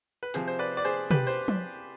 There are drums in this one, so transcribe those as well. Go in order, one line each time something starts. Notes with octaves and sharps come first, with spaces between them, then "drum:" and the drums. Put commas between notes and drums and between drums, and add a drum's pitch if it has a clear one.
B4
C3 F3 G#4 C5, drum: hi-hat
C5
B4 D5
D5
G#4 C5
G4 B4, drum: tom
C5
drum: tom F3